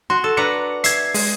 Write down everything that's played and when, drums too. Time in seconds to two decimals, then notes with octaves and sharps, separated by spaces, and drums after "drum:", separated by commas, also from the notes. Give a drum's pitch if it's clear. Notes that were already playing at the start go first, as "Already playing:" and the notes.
0.10 F#4 C6
0.24 A4
0.37 D4 B4 A#5 C#7
0.84 E5 G#6 C7, drum: hi-hat
1.14 G#3, drum: open hi-hat